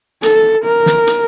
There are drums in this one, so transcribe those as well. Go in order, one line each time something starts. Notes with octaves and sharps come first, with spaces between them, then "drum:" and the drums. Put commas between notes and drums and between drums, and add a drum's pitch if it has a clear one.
A4, drum: hi-hat
A#4
drum: snare
drum: hi-hat